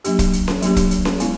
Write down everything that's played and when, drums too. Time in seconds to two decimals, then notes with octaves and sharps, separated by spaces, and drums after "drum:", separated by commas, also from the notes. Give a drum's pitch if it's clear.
0.04 F#3 A#3 D4 G4, drum: hi-hat
0.19 drum: kick, hi-hat
0.33 drum: hi-hat
0.48 drum: snare C#4
0.62 F#3 A#3 D4 G4, drum: hi-hat
0.76 drum: kick, hi-hat
0.91 drum: hi-hat
1.05 drum: snare C#4
1.20 G#3 B3 E4, drum: hi-hat